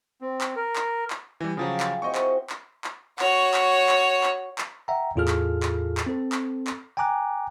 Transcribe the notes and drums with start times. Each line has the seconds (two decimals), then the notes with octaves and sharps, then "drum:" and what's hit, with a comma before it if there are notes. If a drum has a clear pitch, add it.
0.21 C4
0.41 drum: clap
0.56 A#4
0.76 drum: clap
1.10 drum: clap
1.40 E3 G3
1.57 C#3 F3 F#3 F4 G4 G#4
1.80 drum: clap
2.02 C4 E4 F#4 D#5 G5 C#6
2.15 drum: clap
2.50 drum: clap
2.84 drum: clap
3.19 F#4 C#5, drum: clap
3.54 drum: clap
3.89 drum: clap
4.23 drum: clap
4.58 drum: clap
4.88 E5 F#5 G5 A#5
5.16 E2 A2 F4 G#4 A4 F6
5.28 drum: clap
5.63 drum: clap
5.97 drum: clap
6.06 C4 A4
6.32 drum: clap
6.67 drum: clap
6.97 G5 G#5 A#5 D6 F#6